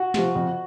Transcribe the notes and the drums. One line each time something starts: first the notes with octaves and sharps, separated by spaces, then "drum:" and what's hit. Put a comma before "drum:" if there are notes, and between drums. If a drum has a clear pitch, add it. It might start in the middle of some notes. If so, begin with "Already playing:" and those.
Already playing: F#4
C3 F3, drum: snare
F2